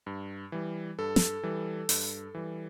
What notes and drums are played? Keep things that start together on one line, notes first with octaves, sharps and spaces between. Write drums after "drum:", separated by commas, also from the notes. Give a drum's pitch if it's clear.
G2
E3 G3
G2 A4
drum: snare
E3 G3
G2, drum: open hi-hat
E3 G3